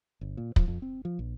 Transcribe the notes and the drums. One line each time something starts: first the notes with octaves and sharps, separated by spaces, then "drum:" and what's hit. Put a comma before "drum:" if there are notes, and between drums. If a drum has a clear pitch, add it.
G1
A#2
F3, drum: kick
F2
C4
F3
A#1